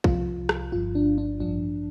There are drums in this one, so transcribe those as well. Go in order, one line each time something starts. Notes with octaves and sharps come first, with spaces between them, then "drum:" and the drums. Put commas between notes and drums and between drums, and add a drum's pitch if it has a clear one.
C2 C3 F3 F4, drum: kick
drum: rim click
G1 G2 F3 F4
D4
D4
A1 G2 F3 D4